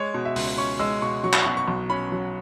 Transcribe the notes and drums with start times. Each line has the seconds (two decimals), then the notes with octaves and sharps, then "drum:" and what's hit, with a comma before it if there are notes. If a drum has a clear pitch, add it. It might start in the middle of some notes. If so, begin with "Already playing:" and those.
Already playing: G#3 C#5
0.14 B2
0.25 E5
0.36 C#2, drum: open hi-hat
0.58 C#4 C#6
0.79 G#3 E6
1.02 B2 C#6
1.24 F#3 C#6
1.33 B5, drum: clap
1.42 B2 C#6
1.57 C#6
1.68 B1
1.90 C#4 B5
2.12 F#3